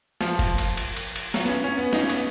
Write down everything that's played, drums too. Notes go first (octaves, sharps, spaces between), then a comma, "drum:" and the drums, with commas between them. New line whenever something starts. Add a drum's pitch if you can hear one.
F3, drum: snare
drum: kick F1, cymbal
drum: cymbal
drum: cymbal
drum: cymbal
drum: cymbal
F#3, drum: snare
B3
C#4
C#4
B3
D#4, drum: snare
C#4
B3, drum: cymbal